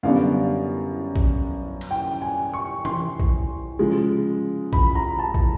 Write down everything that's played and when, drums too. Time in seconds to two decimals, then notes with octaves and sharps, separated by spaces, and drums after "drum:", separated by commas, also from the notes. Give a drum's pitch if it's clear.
0.03 F#2 D3 G3 B3 D4 F5
1.16 drum: kick A#1
1.81 drum: cymbal
1.91 G5
2.22 G#5
2.54 C#6
2.85 C6, drum: tom E3
3.20 drum: kick A#1
3.79 C#3 F3 G#3
4.73 B5, drum: kick A#1
4.95 A#5
5.19 A5
5.34 drum: kick A#1